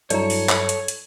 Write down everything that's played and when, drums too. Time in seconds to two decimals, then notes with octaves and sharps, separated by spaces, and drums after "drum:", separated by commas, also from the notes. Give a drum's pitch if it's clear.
0.10 G2 F#3 E4 A4 C#5 D5 A#5, drum: hi-hat
0.30 drum: open hi-hat
0.49 drum: clap
0.69 drum: hi-hat
0.88 drum: hi-hat